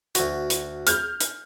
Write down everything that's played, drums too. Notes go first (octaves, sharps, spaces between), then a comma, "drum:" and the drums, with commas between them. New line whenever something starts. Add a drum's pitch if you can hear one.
D2 F#4, drum: hi-hat
drum: hi-hat
F6 G6, drum: hi-hat
drum: hi-hat